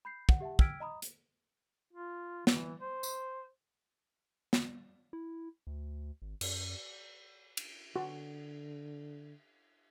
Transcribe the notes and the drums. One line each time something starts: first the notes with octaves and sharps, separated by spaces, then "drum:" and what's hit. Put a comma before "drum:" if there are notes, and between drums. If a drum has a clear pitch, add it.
B5 G6 C7
F#5, drum: kick
G4 E5 F#5 A5
G5 E6 F6 G#6 B6 D7, drum: kick
D#5 A#5 B5 D#6
drum: hi-hat
F4
E3, drum: snare
C5
drum: tambourine
drum: snare
E4
D2
G#1
F#2, drum: cymbal
drum: cymbal
D3 F#4